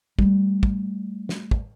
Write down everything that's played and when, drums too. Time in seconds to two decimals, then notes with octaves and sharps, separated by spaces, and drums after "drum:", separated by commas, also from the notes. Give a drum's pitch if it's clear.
0.19 G3 A3, drum: kick
0.63 drum: kick
1.29 drum: snare
1.51 drum: kick